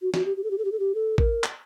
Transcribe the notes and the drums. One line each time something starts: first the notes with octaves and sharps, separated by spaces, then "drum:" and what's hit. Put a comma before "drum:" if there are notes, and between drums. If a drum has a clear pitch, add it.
F#4
F#4, drum: snare
G4
G4
A4
G4
A4
G4
A4
G4
A4
A#4, drum: kick
drum: clap